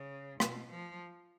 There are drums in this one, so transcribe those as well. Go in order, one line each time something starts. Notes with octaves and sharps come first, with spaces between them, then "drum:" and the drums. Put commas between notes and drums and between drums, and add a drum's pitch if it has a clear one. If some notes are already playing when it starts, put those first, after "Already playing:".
Already playing: C#3
B2, drum: rim click
F3